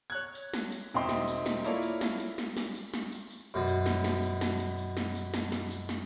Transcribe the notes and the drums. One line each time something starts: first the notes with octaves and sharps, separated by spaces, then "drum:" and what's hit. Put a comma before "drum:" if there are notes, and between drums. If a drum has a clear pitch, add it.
C#5 F#6 G#6
drum: tambourine
drum: snare
drum: tambourine
E1 C4 D#4 E5 G5 C6
drum: snare
drum: tambourine
drum: snare
A#3 E4 F4 A4 C#5 D5, drum: tambourine
drum: tambourine
drum: snare
drum: tambourine
drum: snare
drum: snare
drum: tambourine
drum: snare
drum: tambourine
drum: tambourine
F#2 B2
drum: tambourine
drum: snare
drum: snare
drum: tambourine
drum: snare
drum: tambourine
drum: tambourine
drum: snare
drum: tambourine
drum: snare
drum: snare
drum: tambourine
drum: snare